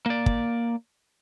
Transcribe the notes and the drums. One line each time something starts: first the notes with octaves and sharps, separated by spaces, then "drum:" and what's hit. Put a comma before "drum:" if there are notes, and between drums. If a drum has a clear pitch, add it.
A#3 D5
drum: kick